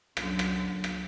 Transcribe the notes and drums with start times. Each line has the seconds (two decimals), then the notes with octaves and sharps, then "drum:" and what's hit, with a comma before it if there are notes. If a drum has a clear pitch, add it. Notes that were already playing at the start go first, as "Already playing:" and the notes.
0.17 F#2 D3 F#3, drum: rim click
0.39 drum: rim click
0.84 drum: rim click